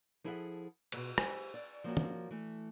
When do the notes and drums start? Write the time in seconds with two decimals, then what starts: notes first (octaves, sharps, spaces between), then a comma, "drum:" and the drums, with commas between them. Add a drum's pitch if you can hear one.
0.24 F3 E4 G#4 A4 E5 F#5
0.92 D2 B2, drum: cymbal
1.18 G4 C5 G#5, drum: rim click
1.54 D5
1.84 F3 A#3 C#4 F#4
1.97 drum: tom
2.31 E3 A3